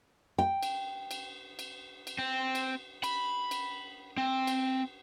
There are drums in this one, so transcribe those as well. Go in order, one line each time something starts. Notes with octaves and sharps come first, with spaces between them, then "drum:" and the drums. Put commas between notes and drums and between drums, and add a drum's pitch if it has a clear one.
G5
drum: cymbal
drum: cymbal
drum: cymbal
drum: cymbal
C4
drum: cymbal
B5, drum: cymbal
drum: cymbal
C4
drum: cymbal